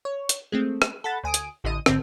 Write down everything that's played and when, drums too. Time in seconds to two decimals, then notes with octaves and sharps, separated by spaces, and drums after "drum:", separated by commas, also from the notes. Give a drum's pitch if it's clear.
0.05 C#5
0.29 drum: hi-hat
0.52 G#3 A3 C4
0.82 drum: rim click
1.04 A4 F#5 B5 A6
1.23 D2 G#5 D#6 D7
1.34 drum: hi-hat
1.64 A1 D3 D#5 D#7
1.86 G#1 D3 C4, drum: rim click